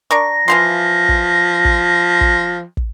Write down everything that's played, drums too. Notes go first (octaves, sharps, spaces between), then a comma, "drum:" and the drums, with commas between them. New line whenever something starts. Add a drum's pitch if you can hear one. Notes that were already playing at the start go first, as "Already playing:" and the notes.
D4 A#4 C#6 A#6
E3 F3 F5 C6
drum: kick
drum: kick
drum: kick
drum: kick